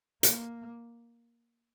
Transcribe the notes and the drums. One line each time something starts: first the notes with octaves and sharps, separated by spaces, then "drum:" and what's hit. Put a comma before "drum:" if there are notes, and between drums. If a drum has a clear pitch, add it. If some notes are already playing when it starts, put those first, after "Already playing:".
A#3, drum: hi-hat